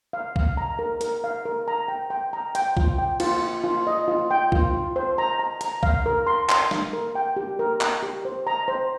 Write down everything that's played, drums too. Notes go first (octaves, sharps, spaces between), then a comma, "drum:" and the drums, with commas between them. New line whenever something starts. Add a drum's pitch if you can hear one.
F5
F5, drum: kick
A#5
A#4
A#4, drum: hi-hat
F5
A#4
A#5
G5
G5
A#5
G5, drum: hi-hat
F4, drum: kick
G5
F4, drum: cymbal
F4
F4
D#5
F4
G5
F4, drum: kick
F4
C5
A#5
A#5
A#5, drum: hi-hat
F5, drum: kick
A#4
C6
C6, drum: clap
F5, drum: snare
A#4
G5
G4
A#4
A#5, drum: clap
G4
C5
A#5
C5